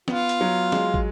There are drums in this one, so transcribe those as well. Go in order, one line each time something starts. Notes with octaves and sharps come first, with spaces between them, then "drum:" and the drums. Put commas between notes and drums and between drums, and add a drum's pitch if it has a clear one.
B3 F4, drum: snare
drum: hi-hat
F#3
G#3, drum: snare
drum: kick